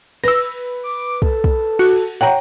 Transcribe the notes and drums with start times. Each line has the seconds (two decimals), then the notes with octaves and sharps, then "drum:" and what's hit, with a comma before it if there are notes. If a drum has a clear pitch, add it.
0.24 B4 E6 A#6, drum: cymbal
0.83 D6
1.22 A4, drum: kick
1.44 drum: kick
1.79 F#4, drum: cymbal
2.21 C#5 F#5 G5 A#5